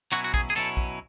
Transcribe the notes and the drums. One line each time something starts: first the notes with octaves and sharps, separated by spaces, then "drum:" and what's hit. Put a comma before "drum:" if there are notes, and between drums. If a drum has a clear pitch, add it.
B2 F#3 C#4 E4 F#4
F#4
G#4, drum: kick
G#4
B2 F#3 C#4 E4 A4
drum: kick